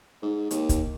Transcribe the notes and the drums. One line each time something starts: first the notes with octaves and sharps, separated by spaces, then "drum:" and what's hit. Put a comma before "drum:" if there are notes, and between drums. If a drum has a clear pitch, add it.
G#2
D#2, drum: hi-hat
drum: kick, hi-hat